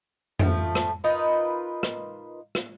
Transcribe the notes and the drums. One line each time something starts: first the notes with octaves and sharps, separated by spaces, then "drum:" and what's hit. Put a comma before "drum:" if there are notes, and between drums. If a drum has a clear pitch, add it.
F3 A3, drum: tom F2
drum: rim click
D#4 F4 A#4 B4
drum: rim click
drum: rim click